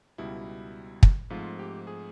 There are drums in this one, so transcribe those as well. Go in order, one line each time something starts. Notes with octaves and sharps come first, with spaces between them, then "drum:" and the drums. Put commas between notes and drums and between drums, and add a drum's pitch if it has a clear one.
C#2 B2 G3 E4
drum: kick
G#2 F3 A3 C4 F4
G4
G#4